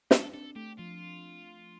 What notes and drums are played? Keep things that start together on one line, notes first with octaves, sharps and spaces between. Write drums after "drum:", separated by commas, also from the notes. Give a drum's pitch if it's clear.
D4 A4, drum: snare
C4
D4 A4
A3 G4
F3 F4